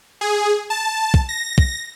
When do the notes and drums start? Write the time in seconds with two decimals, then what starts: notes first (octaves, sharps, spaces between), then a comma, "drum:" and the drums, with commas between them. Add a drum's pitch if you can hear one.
0.21 G#4
0.70 A5
1.14 drum: kick
1.29 A#6
1.58 drum: kick